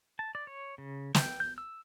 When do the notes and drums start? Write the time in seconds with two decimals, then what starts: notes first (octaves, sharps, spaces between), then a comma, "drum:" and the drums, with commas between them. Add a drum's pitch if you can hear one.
0.19 A5
0.35 D5
0.47 C#5
0.78 C#3
1.15 G5, drum: snare
1.40 G6
1.58 E6